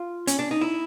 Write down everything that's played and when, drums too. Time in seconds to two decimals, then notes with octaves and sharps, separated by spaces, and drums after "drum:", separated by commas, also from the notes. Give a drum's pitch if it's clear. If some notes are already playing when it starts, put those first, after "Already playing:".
Already playing: F4
0.27 C#4, drum: hi-hat
0.39 D4
0.51 D#4
0.61 E4